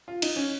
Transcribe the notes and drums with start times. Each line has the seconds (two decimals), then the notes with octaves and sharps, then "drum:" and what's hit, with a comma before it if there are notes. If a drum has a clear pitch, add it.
0.08 F4
0.22 D#4, drum: cymbal
0.36 C#4